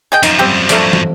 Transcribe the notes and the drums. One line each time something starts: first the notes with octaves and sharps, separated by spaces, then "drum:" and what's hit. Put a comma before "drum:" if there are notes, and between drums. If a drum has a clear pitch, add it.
G#4 D#5 G5
F#2 F3 D#4, drum: hi-hat
G3 C4 G4
G2 F3 F#3 A3 A#4 D5, drum: hi-hat
drum: tom